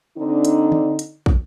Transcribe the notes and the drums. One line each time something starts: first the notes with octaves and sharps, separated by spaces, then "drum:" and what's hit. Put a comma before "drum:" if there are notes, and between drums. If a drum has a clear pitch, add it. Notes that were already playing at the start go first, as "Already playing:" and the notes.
D3 C4 D4 D#4
drum: hi-hat
drum: tom D3
drum: hi-hat
drum: kick